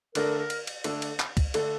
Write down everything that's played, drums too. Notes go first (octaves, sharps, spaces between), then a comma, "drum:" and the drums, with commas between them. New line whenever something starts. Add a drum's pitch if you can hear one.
D3 A3 D4 A4 A#4, drum: cymbal
A#4
drum: cymbal
drum: cymbal
D3 A3 D4 A4, drum: cymbal
drum: cymbal
drum: clap
drum: kick, cymbal
D3 A3 D4 A4, drum: cymbal